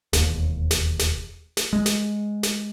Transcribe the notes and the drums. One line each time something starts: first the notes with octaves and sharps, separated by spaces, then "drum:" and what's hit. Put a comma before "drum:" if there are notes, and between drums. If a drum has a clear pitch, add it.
E1 D#2, drum: snare
drum: snare
drum: snare
drum: snare
G#3
drum: snare
drum: snare